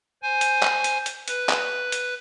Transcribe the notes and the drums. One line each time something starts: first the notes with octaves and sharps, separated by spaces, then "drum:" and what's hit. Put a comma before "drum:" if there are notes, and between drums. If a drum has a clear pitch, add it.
C5 G#5
drum: hi-hat
drum: clap
drum: hi-hat
drum: hi-hat
B4, drum: hi-hat
drum: clap
drum: hi-hat